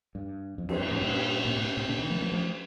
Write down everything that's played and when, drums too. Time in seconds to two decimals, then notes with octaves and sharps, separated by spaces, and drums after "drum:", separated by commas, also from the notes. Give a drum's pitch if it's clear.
0.15 G2
0.58 F2
0.69 F2, drum: cymbal
0.80 G2
0.90 F2 A2
1.02 G2 A#2
1.44 G2 A#2
1.55 A2 C3
1.77 A2 C3
1.88 A#2 D3
1.99 C3 D#3
2.10 F3 A3
2.21 F3 A3
2.32 F3 A3